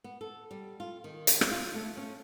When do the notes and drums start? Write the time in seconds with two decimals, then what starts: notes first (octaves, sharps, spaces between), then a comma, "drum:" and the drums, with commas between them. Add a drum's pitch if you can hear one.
0.04 B3
0.21 A4
0.51 G3
0.80 F4
1.04 D#3
1.27 drum: hi-hat
1.41 drum: rim click
1.51 F4
1.74 A3
1.97 C#4